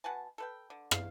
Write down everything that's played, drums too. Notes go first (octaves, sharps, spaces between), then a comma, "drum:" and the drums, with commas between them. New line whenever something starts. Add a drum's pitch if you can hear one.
B2 F#5 G#5 A5
A4 B4 G5
D3
F5, drum: rim click